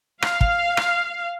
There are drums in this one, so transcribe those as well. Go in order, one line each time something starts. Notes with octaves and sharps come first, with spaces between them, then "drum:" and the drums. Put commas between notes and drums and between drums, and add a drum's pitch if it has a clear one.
F5, drum: rim click
drum: kick
drum: rim click